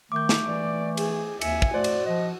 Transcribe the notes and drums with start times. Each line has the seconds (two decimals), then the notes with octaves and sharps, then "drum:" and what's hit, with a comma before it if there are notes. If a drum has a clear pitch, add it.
0.12 D#3 A3 D6 G6
0.29 drum: snare
0.45 E3 D5
0.97 G#4, drum: cymbal
1.41 D#2 E5 G#5 C#7, drum: cymbal
1.62 drum: kick
1.74 A3 F#4 C5 D5
1.84 drum: cymbal
2.06 F3 D#5